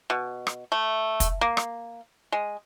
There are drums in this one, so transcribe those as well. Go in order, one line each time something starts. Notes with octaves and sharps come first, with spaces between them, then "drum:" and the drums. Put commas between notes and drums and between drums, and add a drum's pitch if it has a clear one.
B2
drum: rim click
A3
drum: kick, hi-hat
A#3
drum: rim click
G#3